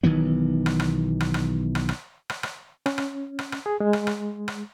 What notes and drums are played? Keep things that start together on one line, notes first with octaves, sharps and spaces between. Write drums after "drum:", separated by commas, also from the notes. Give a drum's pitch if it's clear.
B1 D#3 E3 B3
drum: rim click
drum: rim click
drum: rim click
drum: rim click
drum: rim click
drum: rim click
drum: rim click
drum: rim click
C#4, drum: rim click
drum: rim click
drum: rim click
drum: rim click
G#4
G#3
drum: rim click
drum: rim click
drum: rim click